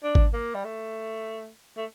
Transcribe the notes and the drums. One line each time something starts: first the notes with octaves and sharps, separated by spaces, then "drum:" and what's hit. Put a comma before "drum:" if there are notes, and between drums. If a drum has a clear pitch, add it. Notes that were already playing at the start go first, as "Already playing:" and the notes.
D4
drum: kick G#1
A#3
G3
A3
A3